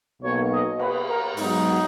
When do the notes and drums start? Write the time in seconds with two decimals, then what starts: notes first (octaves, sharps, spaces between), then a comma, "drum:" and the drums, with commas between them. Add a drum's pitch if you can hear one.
0.22 B1 B2 A#3 C#5
0.51 D#5
0.80 B4, drum: cymbal
1.08 A#4
1.37 G#2 F#3 B3 D#4, drum: open hi-hat